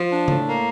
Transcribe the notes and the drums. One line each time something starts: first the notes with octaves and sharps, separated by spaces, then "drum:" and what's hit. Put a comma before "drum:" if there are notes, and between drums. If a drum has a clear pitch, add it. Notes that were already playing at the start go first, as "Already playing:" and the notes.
Already playing: F3
D4
A2, drum: tom C#3
A#3